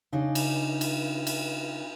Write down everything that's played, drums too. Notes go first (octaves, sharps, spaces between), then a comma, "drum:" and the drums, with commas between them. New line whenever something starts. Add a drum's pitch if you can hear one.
C#3 D4 D#4 G#4 D#5
drum: cymbal
drum: cymbal
drum: cymbal